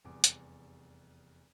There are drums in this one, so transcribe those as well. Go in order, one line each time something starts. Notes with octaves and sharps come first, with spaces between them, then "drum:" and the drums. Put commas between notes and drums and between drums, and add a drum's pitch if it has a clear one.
F1 E2 G3 D6
drum: hi-hat